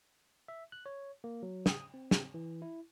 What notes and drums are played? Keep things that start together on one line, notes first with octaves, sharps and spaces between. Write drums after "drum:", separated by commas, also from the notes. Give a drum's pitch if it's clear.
E5
F#6
C#5
A#3
F#3
D#6, drum: snare
C4
drum: snare
E3
E4